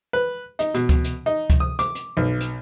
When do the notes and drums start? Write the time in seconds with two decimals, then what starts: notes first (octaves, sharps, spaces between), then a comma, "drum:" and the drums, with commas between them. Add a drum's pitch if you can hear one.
0.13 B4
0.59 D#4, drum: hi-hat
0.74 B2, drum: hi-hat
0.89 drum: kick C#2, hi-hat
1.04 drum: hi-hat
1.26 D#4
1.50 drum: kick C#2, hi-hat
1.60 D#6
1.79 D6, drum: hi-hat
1.95 drum: hi-hat
2.17 B1
2.40 drum: hi-hat